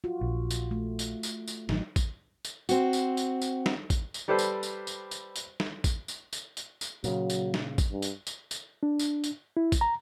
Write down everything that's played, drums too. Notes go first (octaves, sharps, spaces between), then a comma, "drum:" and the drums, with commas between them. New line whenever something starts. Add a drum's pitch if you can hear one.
F4 F#4
A#1
drum: tambourine
A3
drum: tambourine
drum: tambourine
drum: tambourine
A1 D#3 F#3 D#4, drum: snare
drum: kick A1, tambourine
drum: tambourine
C4 F#4, drum: tambourine
drum: tambourine
drum: tambourine
drum: tambourine
drum: snare
drum: kick A1, tambourine
drum: tambourine
G3 G4 A4 B4 C5
drum: tambourine
drum: tambourine
drum: tambourine
drum: tambourine
drum: tambourine
drum: snare
drum: kick A1, tambourine
drum: tambourine
drum: tambourine
drum: tambourine
drum: tambourine
A#2 C#3 F#3, drum: tambourine
drum: tambourine
drum: snare
drum: kick A1, tambourine
G2
drum: tambourine
drum: tambourine
drum: tambourine
D4
drum: tambourine
drum: tambourine
E4
drum: kick A1, tambourine
A#5